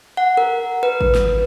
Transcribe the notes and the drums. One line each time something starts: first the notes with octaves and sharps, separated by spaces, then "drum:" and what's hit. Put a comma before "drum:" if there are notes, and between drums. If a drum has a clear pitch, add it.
F#5
A#4
B4
drum: kick G#1
drum: snare